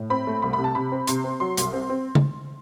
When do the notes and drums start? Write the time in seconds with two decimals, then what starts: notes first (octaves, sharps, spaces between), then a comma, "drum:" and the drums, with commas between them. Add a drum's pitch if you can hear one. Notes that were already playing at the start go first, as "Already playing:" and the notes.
Already playing: A2
0.10 C4 B5
0.27 A3
0.42 C2 B5
0.53 B5
0.58 C3
0.64 A5
0.75 C3 B5
0.92 C4
1.07 C3 C6, drum: hi-hat
1.24 C4
1.40 F#3 C6
1.57 C2, drum: hi-hat
1.73 C4
1.90 C4
2.15 drum: tom C#3